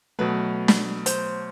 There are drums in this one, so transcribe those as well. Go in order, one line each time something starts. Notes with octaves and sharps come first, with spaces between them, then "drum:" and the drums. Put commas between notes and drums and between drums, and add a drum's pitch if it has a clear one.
B2 F#3 A3 B4
drum: snare
C5, drum: hi-hat